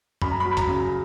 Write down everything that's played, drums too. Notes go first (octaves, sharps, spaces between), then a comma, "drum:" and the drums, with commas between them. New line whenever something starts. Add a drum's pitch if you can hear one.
F#2 B5, drum: tom E2
A#5
B5
F#3
B5
A#5, drum: kick, hi-hat
C#3